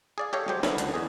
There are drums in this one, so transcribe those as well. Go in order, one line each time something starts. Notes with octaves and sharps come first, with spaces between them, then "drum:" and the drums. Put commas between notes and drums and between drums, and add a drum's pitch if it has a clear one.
G#4 D5 F5
G4 A4 C#5 D#5 F5
F#3 G#3 G4 C5
D3 F#3 B3 C#4 E4, drum: snare D#4
C#2 D3 D#3, drum: hi-hat
E2 G#4